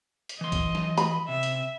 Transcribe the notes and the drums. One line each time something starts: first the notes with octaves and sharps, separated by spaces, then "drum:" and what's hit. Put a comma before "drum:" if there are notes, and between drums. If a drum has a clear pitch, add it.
drum: hi-hat
E3 D#5 C6
drum: kick, hi-hat
drum: snare F#3
B5, drum: hi-hat
C3 E5
drum: hi-hat